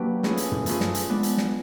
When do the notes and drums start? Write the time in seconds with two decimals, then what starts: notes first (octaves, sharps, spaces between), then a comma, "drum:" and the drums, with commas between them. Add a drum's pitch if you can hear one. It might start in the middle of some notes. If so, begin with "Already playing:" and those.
Already playing: F#3 A#3 D4 G4 B4
0.23 E3 A3 C#4 F4 G#4, drum: snare
0.37 drum: hi-hat
0.52 drum: tom
0.66 E3 A3 C#4 F4 G#4, drum: hi-hat
0.80 drum: snare
0.95 drum: hi-hat
1.09 G#3 B3 D4
1.23 drum: hi-hat
1.37 drum: snare